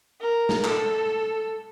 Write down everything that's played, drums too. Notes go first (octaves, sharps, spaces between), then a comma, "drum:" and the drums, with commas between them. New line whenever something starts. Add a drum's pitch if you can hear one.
A#4
drum: snare
A4, drum: clap